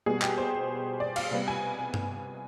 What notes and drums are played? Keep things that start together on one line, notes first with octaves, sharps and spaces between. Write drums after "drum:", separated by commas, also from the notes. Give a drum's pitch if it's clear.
B2 G3 B3 G#4
G4, drum: clap
C5
D5
F5, drum: cymbal
C3 G3 B3
G#5
drum: tom G2